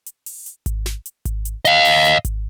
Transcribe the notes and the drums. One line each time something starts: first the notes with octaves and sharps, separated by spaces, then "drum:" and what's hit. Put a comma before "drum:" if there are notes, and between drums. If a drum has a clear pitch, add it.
drum: hi-hat
drum: open hi-hat
drum: hi-hat
drum: kick G#1, hi-hat
drum: snare
drum: hi-hat
drum: kick G#1, hi-hat
drum: hi-hat
D#5 F5, drum: hi-hat
drum: open hi-hat
drum: hi-hat
drum: kick G#1, hi-hat